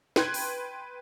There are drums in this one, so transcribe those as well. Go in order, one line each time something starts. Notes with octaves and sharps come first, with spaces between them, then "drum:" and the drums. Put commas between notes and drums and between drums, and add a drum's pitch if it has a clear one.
B4 G5 C6 F#6 G#6, drum: snare
drum: open hi-hat